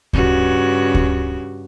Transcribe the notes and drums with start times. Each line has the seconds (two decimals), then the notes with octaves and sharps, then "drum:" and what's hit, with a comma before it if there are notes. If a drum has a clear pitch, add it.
0.13 G2 C#3 F#4, drum: kick D2
0.94 drum: kick D2